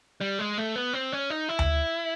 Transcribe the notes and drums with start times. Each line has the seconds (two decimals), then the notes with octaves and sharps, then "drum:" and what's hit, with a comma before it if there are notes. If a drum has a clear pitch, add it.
0.21 G3
0.39 G#3
0.58 A3
0.76 B3
0.93 C4
1.12 C#4
1.30 D#4
1.49 E4
1.59 drum: tom D2